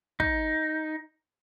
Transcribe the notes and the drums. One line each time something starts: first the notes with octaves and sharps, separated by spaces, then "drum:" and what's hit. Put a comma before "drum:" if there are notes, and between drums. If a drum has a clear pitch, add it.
D#4, drum: kick